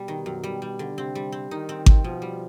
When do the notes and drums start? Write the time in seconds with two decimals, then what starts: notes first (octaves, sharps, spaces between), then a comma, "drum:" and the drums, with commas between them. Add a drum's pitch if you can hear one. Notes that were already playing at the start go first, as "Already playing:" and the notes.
Already playing: B2 G3
0.08 D#3
0.26 F#2
0.43 G3
0.62 G3
0.79 D3
0.97 C3 C4
1.15 G3
1.32 C4
1.51 D#3 D#4
1.69 C4
1.86 C4, drum: kick G#1
2.04 B2 F3
2.22 G3